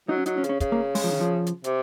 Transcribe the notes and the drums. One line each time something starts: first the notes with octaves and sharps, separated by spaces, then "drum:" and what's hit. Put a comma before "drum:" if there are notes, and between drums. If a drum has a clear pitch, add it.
F#3 D#4
C#4
F#3 D#4, drum: hi-hat
C#4
C#3, drum: hi-hat
C#4
C#3, drum: kick, hi-hat
A#3
G#3, drum: open hi-hat
F3
D#3
F3
drum: hi-hat
C3, drum: hi-hat